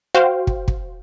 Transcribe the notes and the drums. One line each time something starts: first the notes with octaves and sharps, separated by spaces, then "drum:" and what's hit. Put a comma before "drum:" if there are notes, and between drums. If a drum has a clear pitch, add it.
F#4 C5 F5 G5
drum: kick
drum: kick